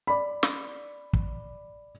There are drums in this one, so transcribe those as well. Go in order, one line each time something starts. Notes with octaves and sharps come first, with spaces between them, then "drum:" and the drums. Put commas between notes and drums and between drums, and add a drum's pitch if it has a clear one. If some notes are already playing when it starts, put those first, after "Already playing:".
D5 B5
drum: snare
drum: kick